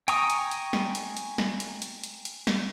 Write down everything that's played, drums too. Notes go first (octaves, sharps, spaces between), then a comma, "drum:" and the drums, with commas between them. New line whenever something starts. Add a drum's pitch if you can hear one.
G5 G#5 A#5 C#6 D#6, drum: hi-hat
drum: hi-hat
drum: hi-hat
drum: snare
drum: hi-hat
drum: hi-hat
drum: snare
drum: hi-hat
drum: hi-hat
drum: hi-hat
drum: hi-hat
drum: snare